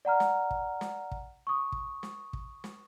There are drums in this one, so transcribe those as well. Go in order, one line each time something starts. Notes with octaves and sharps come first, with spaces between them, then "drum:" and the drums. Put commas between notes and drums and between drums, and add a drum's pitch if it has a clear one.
D5 F#5 A#5 F6
drum: snare
drum: kick
drum: snare
drum: kick
C#6 D#6
drum: kick
drum: snare
drum: kick
drum: snare